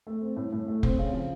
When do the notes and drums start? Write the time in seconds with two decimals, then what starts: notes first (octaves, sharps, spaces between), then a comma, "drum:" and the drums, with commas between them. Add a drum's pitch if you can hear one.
0.07 A3
0.21 C4
0.37 A2
0.52 A2
0.68 A3
0.83 C4, drum: kick F1
0.99 C#3
1.13 F3